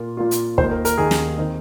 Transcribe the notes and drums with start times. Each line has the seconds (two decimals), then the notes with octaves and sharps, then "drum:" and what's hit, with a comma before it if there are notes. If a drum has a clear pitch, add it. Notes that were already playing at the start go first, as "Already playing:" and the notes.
Already playing: A#2 A#3 F4
0.17 A#2 A#3 F4
0.31 drum: hi-hat
0.58 D#2 D#3 A#3 D#4 C5, drum: kick
0.71 A#4
0.85 A#4, drum: hi-hat
0.98 D#2 D#3 A#3 D#4 G#4
1.11 drum: snare
1.38 D#3 C4 D#4